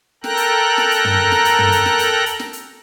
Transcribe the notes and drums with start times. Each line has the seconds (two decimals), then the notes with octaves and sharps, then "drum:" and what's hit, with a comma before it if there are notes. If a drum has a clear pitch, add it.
0.24 A4 A#4 G5 A#5 F#6, drum: snare
0.37 drum: hi-hat
0.78 drum: snare
0.91 drum: hi-hat
1.05 drum: tom
1.32 drum: snare
1.45 drum: hi-hat
1.59 drum: tom
1.72 drum: hi-hat
1.86 drum: snare
1.99 drum: hi-hat
2.26 drum: hi-hat
2.39 drum: snare
2.53 drum: hi-hat